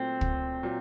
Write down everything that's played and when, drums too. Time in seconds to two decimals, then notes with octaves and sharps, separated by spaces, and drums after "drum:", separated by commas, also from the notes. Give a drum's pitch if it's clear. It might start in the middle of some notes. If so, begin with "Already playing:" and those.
Already playing: A#2 F#3 A3 C4
0.21 drum: kick
0.63 A#2 F#3